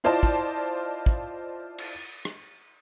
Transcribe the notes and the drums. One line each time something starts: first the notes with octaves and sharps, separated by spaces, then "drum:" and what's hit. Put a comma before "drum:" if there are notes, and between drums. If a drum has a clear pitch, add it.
E4 F4 C5 D5 D#5 A5
drum: kick
drum: kick
drum: cymbal
drum: rim click